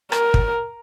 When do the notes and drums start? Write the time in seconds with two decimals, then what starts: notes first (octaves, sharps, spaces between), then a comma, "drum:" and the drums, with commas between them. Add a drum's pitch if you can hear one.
0.12 A#4, drum: rim click
0.34 drum: kick